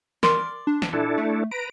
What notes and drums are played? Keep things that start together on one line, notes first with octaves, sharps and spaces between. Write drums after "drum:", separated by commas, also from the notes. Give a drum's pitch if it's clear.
A#4 D5 C6, drum: snare
D4
drum: snare
A#2 D4 E4 A4
A3
B4 A#5 D7